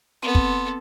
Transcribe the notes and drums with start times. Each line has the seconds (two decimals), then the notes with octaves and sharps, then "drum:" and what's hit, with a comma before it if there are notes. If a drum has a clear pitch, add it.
0.22 B3 C4 A4 C6
0.35 drum: kick